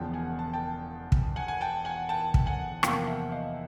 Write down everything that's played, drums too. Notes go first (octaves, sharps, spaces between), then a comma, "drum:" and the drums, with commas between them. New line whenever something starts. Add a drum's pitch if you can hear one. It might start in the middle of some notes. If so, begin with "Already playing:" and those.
Already playing: E1 E2 C#3 F3 G5 A5
F#5 G#5
A5
G5 A5
drum: kick
F#5 G#5
G#5
G5 A5
F#5 G#5
G5 A5
drum: kick
F#5 G#5
E2 C3 F3 A#3 F5 G5, drum: rim click
E5 F#5
D#5 F5